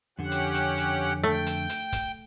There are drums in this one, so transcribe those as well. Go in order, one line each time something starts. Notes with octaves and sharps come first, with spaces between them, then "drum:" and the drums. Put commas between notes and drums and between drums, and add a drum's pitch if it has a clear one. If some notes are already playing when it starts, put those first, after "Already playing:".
F2 D3 C#4 G4 F#5
drum: hi-hat
drum: hi-hat
drum: hi-hat
A3 G5
drum: hi-hat
drum: hi-hat
drum: kick, hi-hat